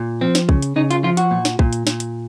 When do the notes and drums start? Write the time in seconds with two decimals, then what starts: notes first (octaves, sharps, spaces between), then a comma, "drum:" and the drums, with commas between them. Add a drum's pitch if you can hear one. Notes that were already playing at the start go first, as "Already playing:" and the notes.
Already playing: A#2
0.21 F3 C4
0.35 drum: snare
0.49 C#3, drum: kick
0.62 drum: hi-hat
0.76 C#3 D#4
0.91 F4, drum: hi-hat
1.03 F3 F4
1.17 F#4, drum: hi-hat
1.31 A#2
1.45 drum: snare
1.59 A#2, drum: kick
1.73 drum: hi-hat
1.87 A#2, drum: snare
2.00 drum: hi-hat